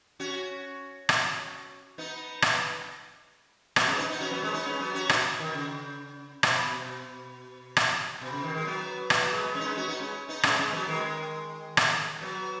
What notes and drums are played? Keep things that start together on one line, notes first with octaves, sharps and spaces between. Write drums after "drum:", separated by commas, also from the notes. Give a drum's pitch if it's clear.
C#4 F#4
drum: rim click
B3 D#4
drum: rim click
F#3 B3, drum: rim click
G#3 C#4
B3 D#4
B3 D#4
C#4 F#4
F#3 B3
G#3 C#4
B3 D#4
G#3 C#4
F#3 B3
C#4 F#4
B3 D#4, drum: rim click
B2 D#3
C#3
B2, drum: rim click
drum: rim click
B2
C#3
B2 D#3
D#3 G#3
F#3 B3
drum: rim click
F#3
G#3
B3
G#3 C#4
D#4
G#3 C#4
C#4 F#4
B3 D#4
G#3 C#4
B3 D#4
G#3 C#4, drum: rim click
G#3 C#4
F#3 B3
D#3 G#3
drum: rim click
F#3 B3